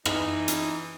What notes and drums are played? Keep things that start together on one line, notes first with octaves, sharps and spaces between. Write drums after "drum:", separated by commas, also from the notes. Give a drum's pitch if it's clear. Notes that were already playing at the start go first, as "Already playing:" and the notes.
E3 D#4, drum: rim click
drum: hi-hat